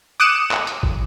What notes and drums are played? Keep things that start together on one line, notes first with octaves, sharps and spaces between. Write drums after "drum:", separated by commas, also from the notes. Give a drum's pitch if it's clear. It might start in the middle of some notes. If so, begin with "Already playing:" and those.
D6 D#6 F#6 C#7 D#7 E7
drum: clap
drum: hi-hat
drum: kick A1